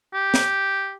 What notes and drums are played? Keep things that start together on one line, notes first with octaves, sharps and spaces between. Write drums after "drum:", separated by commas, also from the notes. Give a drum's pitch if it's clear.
G4
drum: snare